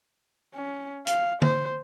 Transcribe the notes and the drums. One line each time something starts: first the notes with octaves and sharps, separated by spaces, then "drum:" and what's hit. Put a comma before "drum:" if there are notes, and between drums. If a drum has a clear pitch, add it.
C#4
F5, drum: hi-hat
C5, drum: tom D3